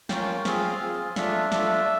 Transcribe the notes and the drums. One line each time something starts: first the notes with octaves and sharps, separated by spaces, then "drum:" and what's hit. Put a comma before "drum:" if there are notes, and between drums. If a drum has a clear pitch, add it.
A#3 C#4 F4 G5, drum: snare
G5
F5
C4 F4 G#4 F5, drum: snare
C4 F4 G#4
A3 D4 F4 E5, drum: snare
A3 D4 F4 E5, drum: snare